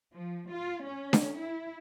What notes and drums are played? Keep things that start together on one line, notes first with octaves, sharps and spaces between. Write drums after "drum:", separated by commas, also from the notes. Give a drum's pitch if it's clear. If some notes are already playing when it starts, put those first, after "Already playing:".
F3
F4
C#4
drum: snare D4
E4